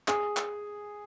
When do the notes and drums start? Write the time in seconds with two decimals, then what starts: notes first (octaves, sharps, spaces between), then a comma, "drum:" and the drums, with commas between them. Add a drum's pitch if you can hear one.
0.08 G#4, drum: clap
0.37 drum: clap